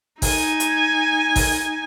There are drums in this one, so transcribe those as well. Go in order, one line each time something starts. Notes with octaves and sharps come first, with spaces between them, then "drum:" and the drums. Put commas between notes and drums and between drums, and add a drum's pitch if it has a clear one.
D#4 G#5, drum: kick, open hi-hat
drum: hi-hat
drum: kick, open hi-hat